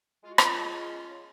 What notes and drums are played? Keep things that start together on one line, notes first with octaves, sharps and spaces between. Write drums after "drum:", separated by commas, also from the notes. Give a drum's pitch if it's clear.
G#3 F4
F#4
C#4 F4, drum: rim click
G#3
G#3
C#4
C#3